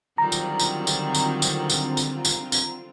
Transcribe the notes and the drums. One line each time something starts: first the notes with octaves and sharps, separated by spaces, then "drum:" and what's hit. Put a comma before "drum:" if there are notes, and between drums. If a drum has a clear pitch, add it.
D3 D#3 F#3 G3 C4 F4 A#5
drum: tambourine
drum: tambourine
drum: tambourine
drum: tambourine
drum: tambourine
drum: tambourine
drum: tambourine
drum: tambourine
drum: tambourine